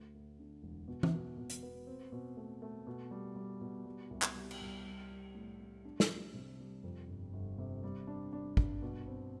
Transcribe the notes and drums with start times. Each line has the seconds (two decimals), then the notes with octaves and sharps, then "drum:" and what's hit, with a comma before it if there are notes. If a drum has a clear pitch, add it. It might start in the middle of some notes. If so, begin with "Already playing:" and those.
Already playing: D2
0.14 D2
0.39 D3
0.63 E1
0.88 B2
1.03 drum: tom E3
1.14 B2
1.38 B2
1.50 drum: hi-hat
1.63 B3
1.87 C4
2.12 B2
2.37 A3
2.62 A3
2.87 B2
3.11 G3
3.36 G3
3.61 B2
3.85 G3
4.10 C2
4.22 drum: clap
4.35 G3
4.51 drum: cymbal
4.61 C2
4.85 G3
5.11 G3
5.34 A2
5.60 A2
5.85 D4
6.00 drum: snare
6.09 G3
6.34 C3
6.60 G3
6.83 F2
7.08 G1
7.33 G1
7.58 C3
7.84 G3
8.07 D4
8.33 D4
8.57 G2, drum: kick
8.82 B2
9.08 C4